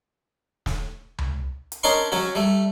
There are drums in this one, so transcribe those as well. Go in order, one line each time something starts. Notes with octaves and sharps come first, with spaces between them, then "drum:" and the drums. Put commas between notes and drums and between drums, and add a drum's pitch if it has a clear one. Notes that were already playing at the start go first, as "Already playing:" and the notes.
drum: snare
drum: tom C#2
drum: hi-hat
C#4 D4 A#4 D#5 C6 C#6
F#3 C#4 F#4
G3 A3